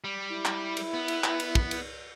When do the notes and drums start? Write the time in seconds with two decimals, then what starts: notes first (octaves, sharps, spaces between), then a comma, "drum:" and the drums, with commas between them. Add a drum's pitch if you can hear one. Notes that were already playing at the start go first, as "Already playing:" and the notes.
0.04 G3
0.29 E4
0.45 drum: clap
0.77 drum: cymbal
0.94 B3
1.08 drum: cymbal
1.24 drum: clap
1.40 drum: cymbal
1.55 drum: kick
1.71 drum: cymbal